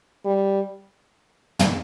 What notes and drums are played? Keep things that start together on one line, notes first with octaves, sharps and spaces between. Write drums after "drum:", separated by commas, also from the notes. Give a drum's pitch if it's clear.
G3
drum: tom